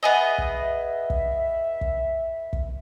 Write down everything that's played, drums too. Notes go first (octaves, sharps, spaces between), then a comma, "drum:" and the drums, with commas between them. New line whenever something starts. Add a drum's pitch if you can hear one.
B3 G#4 D#5 E5
drum: kick
drum: kick
drum: kick
drum: kick